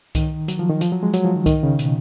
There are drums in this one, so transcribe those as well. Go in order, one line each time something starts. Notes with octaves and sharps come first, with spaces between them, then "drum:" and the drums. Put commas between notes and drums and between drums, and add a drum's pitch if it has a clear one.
D#3, drum: kick C2, hi-hat
F#3, drum: hi-hat
F3
D#3
F3, drum: hi-hat
F#3
G#3
F#3, drum: hi-hat
F3
D#3
D#3, drum: kick C2, hi-hat
C#3
B2, drum: hi-hat